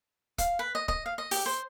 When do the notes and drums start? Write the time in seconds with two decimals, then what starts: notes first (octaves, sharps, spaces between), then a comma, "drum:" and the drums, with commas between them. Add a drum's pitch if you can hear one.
0.38 F5, drum: kick, hi-hat
0.59 B4
0.75 D#5
0.88 D#5, drum: kick
1.06 F5
1.18 D#5
1.31 G4, drum: open hi-hat
1.46 C5